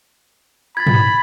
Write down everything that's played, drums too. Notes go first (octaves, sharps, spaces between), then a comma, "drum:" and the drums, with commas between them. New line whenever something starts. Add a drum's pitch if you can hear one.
B5 G#6 A6
drum: tom